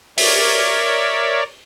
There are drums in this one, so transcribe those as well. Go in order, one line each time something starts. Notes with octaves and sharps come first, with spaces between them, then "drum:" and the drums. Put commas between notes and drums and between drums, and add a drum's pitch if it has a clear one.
A#4 C#5 D5 E5, drum: open hi-hat